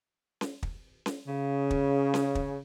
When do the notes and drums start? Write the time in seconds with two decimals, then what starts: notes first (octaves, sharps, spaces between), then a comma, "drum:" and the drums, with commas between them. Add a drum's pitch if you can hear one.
0.41 drum: snare C#4
0.63 drum: kick
1.06 drum: snare C#4
1.27 C#3
1.70 drum: kick
2.14 drum: snare C#4
2.35 drum: kick